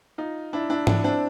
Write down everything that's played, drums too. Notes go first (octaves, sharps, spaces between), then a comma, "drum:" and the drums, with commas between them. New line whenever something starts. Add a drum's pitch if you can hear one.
D#4 F4
D4 E4
D4 E4
D4 E4, drum: tom G#2
C4 D4